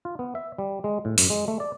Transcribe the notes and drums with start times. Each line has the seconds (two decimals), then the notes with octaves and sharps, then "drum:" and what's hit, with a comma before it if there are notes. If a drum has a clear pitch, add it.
0.05 F4
0.19 B3
0.35 E5
0.58 G3
0.84 G#3
1.05 A2
1.18 F#2, drum: open hi-hat
1.30 G#3
1.48 A3
1.60 D5